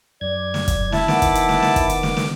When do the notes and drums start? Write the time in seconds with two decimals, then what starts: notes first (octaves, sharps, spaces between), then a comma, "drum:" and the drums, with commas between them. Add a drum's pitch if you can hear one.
0.21 F#2 D5 G#6
0.54 drum: snare
0.68 drum: kick, hi-hat
0.92 E4 E5 A5, drum: snare
1.08 D#3 B3 F#5 D6, drum: snare
1.22 drum: kick, hi-hat
1.35 drum: hi-hat
1.49 drum: snare
1.62 drum: snare
1.76 drum: kick, hi-hat
1.90 drum: hi-hat
2.03 drum: snare
2.17 drum: snare